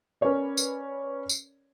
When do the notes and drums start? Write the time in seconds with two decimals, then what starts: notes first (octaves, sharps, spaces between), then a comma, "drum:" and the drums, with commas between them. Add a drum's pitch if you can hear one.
0.21 C#4 A#4 B4 C#5 D5
0.57 drum: tambourine
1.29 drum: tambourine